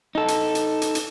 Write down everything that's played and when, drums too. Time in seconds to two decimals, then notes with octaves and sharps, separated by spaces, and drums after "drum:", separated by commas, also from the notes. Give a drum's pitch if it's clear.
0.15 D#4 A4
0.28 drum: hi-hat
0.55 drum: hi-hat
0.82 drum: hi-hat
0.95 drum: hi-hat